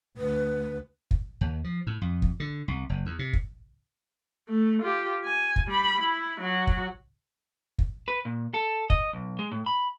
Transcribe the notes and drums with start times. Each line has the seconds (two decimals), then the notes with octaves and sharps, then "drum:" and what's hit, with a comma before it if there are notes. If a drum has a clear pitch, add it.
0.17 D2 B4
1.11 drum: kick
1.41 D#2
1.64 F3
1.87 A2
2.01 F2
2.22 drum: kick
2.40 D3
2.68 C2
2.89 F#1
3.06 E2
3.19 C3
3.33 drum: kick
4.49 A3
4.82 F4 G4
5.25 G#5
5.56 drum: kick
5.68 G3 B5
6.01 E4
6.40 F#3 F#4
6.67 drum: kick
7.79 drum: kick
8.08 B4
8.25 A#2
8.54 A4
8.90 D#5, drum: kick
9.13 B1
9.39 G#3
9.52 A2
9.66 B5